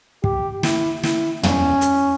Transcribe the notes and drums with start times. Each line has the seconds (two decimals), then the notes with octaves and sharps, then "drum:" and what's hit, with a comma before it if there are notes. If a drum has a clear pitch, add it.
0.24 G4, drum: kick
0.63 E4, drum: snare
1.03 E4, drum: snare
1.43 C#4, drum: tom
1.81 drum: hi-hat